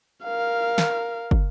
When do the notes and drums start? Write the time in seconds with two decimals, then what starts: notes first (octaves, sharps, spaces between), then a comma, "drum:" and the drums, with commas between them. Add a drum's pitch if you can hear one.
0.25 A#4 F5
0.78 drum: snare
1.31 drum: kick